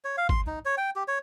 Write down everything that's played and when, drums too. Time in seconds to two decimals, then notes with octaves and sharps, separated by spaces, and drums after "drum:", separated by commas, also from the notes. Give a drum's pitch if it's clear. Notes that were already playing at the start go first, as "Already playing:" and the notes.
0.04 C#5
0.18 F5
0.29 C6, drum: kick
0.47 D#4
0.65 C#5
0.77 G5
0.96 G4
1.08 C#5